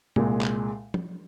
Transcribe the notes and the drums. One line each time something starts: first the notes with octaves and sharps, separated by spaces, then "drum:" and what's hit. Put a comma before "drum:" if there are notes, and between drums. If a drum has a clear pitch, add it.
C2 A#2 G#3, drum: tom
drum: clap
drum: tom